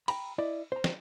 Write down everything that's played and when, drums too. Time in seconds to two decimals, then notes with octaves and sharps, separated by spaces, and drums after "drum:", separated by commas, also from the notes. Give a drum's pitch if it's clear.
0.08 G5 A#5 B5, drum: cymbal
0.38 E4 D5 D#5
0.72 C5 A#5
0.84 drum: snare